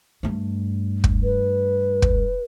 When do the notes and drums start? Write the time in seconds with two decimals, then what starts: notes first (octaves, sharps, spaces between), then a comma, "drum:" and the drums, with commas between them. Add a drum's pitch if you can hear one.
0.23 G2 A3
1.04 drum: kick
1.23 B4
2.02 drum: kick